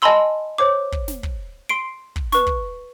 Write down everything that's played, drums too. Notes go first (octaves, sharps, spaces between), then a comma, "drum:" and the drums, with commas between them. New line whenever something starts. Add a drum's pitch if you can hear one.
D#5 G#5 A5 B5 C6 E6
C5 C#5 D6
drum: kick
drum: snare
drum: kick
C6 C7 D7
drum: kick
B4 C#6, drum: snare
drum: kick